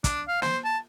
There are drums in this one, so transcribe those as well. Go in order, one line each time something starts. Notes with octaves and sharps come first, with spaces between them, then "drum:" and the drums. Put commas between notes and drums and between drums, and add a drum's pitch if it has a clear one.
D4, drum: kick, hi-hat
F5
C5, drum: snare
A5